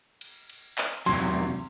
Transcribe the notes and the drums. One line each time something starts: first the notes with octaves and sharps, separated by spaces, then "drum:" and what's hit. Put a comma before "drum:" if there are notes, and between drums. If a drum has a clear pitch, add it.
drum: cymbal
drum: cymbal
drum: clap
E2 C3 F#3 C6, drum: cymbal